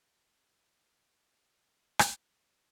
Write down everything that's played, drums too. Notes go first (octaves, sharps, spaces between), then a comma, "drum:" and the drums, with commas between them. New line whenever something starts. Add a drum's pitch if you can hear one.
D3 F#3 B3 C4 D#4 G#5
D3 F3 G#3 C4 F#4 A#5
C#3
drum: rim click